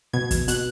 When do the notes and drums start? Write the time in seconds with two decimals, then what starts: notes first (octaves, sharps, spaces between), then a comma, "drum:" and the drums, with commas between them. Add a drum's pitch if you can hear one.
0.13 B2 G#6
0.31 drum: kick, hi-hat
0.48 B2 F#6, drum: hi-hat